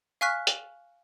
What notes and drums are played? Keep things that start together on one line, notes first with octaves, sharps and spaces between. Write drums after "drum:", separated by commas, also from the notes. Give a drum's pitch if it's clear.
F5 G#5 C#6 F6 F#6 B6
drum: hi-hat